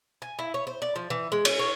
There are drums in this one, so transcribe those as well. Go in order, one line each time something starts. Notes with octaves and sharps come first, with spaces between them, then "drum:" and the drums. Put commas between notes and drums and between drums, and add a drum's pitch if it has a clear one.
G#5
E4
C#5
C5
D5
F3
E3
G#3
C#4, drum: cymbal
C#5